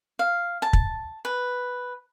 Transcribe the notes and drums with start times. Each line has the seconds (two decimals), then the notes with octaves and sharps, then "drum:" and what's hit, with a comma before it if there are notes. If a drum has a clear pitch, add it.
0.19 F5
0.62 A5
0.73 drum: kick
1.25 B4